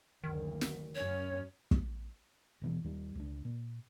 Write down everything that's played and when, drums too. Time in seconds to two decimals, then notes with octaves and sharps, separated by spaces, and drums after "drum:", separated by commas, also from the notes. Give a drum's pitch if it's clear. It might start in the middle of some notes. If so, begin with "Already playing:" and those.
0.24 F#1 D2 D#3
0.61 drum: snare
0.95 F#2 C#4 C#5
1.71 drum: kick
2.61 D#1 B2 E3
2.84 D#2 G3
3.15 C#2 D4
3.45 A#2